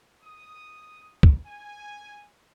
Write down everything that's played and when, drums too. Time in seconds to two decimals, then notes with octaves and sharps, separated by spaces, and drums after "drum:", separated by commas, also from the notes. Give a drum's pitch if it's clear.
0.23 D#6
1.23 drum: kick
1.45 G#5